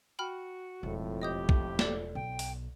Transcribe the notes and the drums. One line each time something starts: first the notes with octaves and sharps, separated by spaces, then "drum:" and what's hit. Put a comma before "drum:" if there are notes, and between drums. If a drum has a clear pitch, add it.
F#4 G5 B5 F6
E1 F2 A2
G4 D#5 D#6 G6
drum: kick
A4 D5 E7, drum: snare
B1 G5
drum: open hi-hat